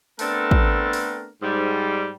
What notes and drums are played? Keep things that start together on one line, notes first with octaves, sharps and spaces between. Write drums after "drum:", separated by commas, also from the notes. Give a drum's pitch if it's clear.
A3 B3 C4 D4 A4 A#4, drum: open hi-hat
drum: kick
drum: open hi-hat
G#2 G3